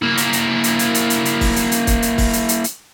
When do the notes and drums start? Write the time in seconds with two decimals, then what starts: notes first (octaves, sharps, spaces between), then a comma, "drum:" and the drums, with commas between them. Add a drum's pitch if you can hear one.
0.02 A#3 E4
0.17 drum: hi-hat
0.33 drum: hi-hat
0.64 drum: hi-hat
0.79 drum: hi-hat
0.94 drum: hi-hat
1.10 drum: hi-hat
1.25 drum: hi-hat
1.41 drum: kick, open hi-hat
1.56 drum: hi-hat
1.72 drum: hi-hat
1.87 drum: kick, hi-hat
2.02 drum: hi-hat
2.18 drum: kick, open hi-hat
2.33 drum: hi-hat
2.49 drum: hi-hat
2.64 drum: hi-hat